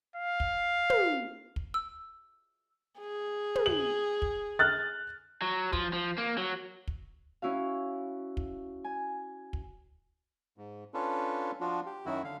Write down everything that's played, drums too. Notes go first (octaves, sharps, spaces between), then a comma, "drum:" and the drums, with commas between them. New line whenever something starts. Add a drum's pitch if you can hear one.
F5
drum: kick
drum: tom
drum: kick
E6
G#4
drum: tom
F#7
drum: kick
F6 F#6 A6
F#3
F3, drum: kick
F3
A#3
F#3
drum: kick
C#4 E4 F#4 F5
drum: kick
G#5
drum: kick
G#2
C#4 D4 F4 A4 B4
F3 D4 F4 F#4
G4
F#2 D#3 E4 F#4
D3 F5